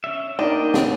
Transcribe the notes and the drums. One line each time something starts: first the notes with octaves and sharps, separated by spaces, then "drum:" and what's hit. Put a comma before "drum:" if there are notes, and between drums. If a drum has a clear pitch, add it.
C#4 E5
A#3 D4 D#4 D#5 G5
drum: snare